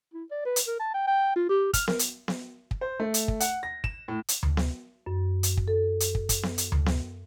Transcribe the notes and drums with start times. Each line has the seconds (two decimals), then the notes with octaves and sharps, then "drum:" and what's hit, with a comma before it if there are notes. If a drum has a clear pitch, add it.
0.13 E4
0.31 D5
0.45 B4
0.56 drum: hi-hat
0.67 A#4
0.79 A5
0.94 G5
1.08 G5
1.36 F4
1.49 G4
1.73 F6, drum: kick, hi-hat
1.88 A#4, drum: snare B3
1.99 drum: hi-hat
2.28 drum: snare B3
2.71 drum: kick
2.81 C5
3.00 A3
3.14 drum: hi-hat
3.28 drum: kick
3.40 F#5, drum: hi-hat
3.63 A#6
3.84 E7, drum: kick
4.08 A2
4.28 drum: hi-hat
4.43 drum: tom D2
4.57 drum: snare B3
5.06 F#2
5.43 drum: hi-hat
5.57 drum: kick
5.68 A4
6.00 drum: hi-hat
6.15 drum: kick
6.29 drum: kick, hi-hat
6.43 drum: snare B3
6.58 drum: hi-hat
6.72 drum: tom D2
6.86 drum: snare B3